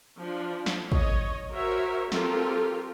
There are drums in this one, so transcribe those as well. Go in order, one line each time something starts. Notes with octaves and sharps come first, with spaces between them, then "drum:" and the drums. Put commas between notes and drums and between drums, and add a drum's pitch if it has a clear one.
F3 D4
drum: snare
C#5 D#5, drum: kick
F#4 A#4 C5 C#5 E5
C4 F4 G4 A4 A#4, drum: snare